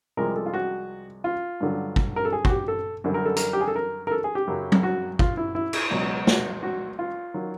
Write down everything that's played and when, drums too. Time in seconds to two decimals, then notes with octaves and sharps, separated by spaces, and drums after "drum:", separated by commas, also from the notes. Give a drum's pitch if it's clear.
0.17 C2 C3 F3 G#3 A#4
0.36 A4
0.46 F4
0.54 F#4
1.24 F4
1.61 G2 D3 F#3
1.96 drum: kick
2.16 A#4
2.25 A4
2.33 G#4
2.45 F#4, drum: kick
2.50 G4
2.68 A4
3.04 F#2 D3 G3
3.14 A#4
3.26 A4
3.36 A#4, drum: hi-hat
3.53 G4
3.61 G#4
3.68 A4
3.76 A#4
4.07 A#4
4.11 A4
4.24 G#4
4.35 G4
4.47 F#2 C#3 F#3
4.72 drum: tom F#3
4.83 F#4
5.19 F4, drum: kick
5.37 E4
5.55 E4
5.73 drum: cymbal
5.91 C#2 B2 F#3
6.27 F#4, drum: snare
6.63 F#4
6.99 F4
7.34 D#3 F#3